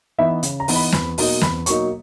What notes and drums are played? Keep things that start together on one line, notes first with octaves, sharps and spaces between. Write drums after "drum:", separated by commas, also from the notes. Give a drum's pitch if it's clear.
E3 B3 D#4 E5
C#3, drum: hi-hat
A#5
E3 B3 D#4, drum: open hi-hat
B5
E2 B5, drum: snare
B2 F#3 A#3 D#4, drum: open hi-hat
E2 B5, drum: snare
B2 F#3 A#3 D#4 C#6, drum: hi-hat